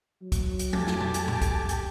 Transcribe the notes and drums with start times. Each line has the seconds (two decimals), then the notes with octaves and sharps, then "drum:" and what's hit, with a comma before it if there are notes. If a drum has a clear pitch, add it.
0.22 F#3
0.32 drum: kick, hi-hat
0.59 drum: hi-hat
0.73 F2 G4 A4 G#5 A5 D6, drum: tom F3
0.87 drum: snare
1.00 drum: tom B2
1.14 drum: hi-hat
1.28 drum: tom A2
1.42 drum: kick, hi-hat
1.69 drum: hi-hat